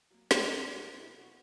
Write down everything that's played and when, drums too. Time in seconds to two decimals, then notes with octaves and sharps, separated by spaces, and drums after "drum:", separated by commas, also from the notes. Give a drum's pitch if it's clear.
0.11 F#3 A#3
0.31 B1 G#4, drum: snare
0.52 B2 F#3 B3
0.72 B1 D#4
0.93 B2 F#3 B3 E4
1.15 B2 F#4